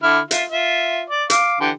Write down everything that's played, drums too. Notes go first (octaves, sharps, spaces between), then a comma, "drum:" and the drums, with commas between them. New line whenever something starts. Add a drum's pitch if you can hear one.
D3 E4 F6
F4 E5, drum: hi-hat
F4 E5
D5
F5 D6, drum: hi-hat
D3 E3 G4